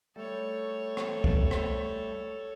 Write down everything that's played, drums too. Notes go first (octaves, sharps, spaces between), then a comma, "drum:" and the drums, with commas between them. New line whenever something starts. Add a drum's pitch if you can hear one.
G3 A3 A4 C#5
drum: rim click
drum: kick
drum: rim click